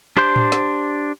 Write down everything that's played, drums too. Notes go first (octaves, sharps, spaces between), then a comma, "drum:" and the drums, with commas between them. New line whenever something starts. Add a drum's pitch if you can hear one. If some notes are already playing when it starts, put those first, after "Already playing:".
D4 G4 C5 C6 G6
drum: tom A2
drum: snare